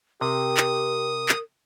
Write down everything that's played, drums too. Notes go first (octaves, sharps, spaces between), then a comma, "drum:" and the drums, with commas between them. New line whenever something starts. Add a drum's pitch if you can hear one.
C3 G4 A#4 D#6
drum: clap
drum: clap